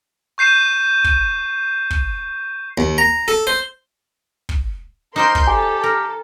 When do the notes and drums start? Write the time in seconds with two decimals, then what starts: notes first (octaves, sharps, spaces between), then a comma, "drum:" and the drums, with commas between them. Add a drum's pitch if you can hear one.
0.38 C#6 G6 C7 D#7 E7
1.04 drum: kick
1.91 drum: kick
2.78 D#2
2.98 A#5
3.28 A4
3.47 C5
4.49 drum: kick
5.16 A#3 D#4 A#4 C5 G5 C6 G6
5.35 drum: kick
5.47 G4 A4 G#5
5.83 A#4